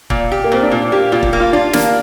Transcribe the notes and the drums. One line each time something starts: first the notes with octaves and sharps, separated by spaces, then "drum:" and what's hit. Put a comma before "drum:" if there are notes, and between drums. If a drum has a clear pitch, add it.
A#2, drum: kick
G4
A#3
A#2 C4
D4
A#2 F4
A#3 G4
A#2 F4
drum: kick
A#3
F4
D4 F4
A#3 D4, drum: snare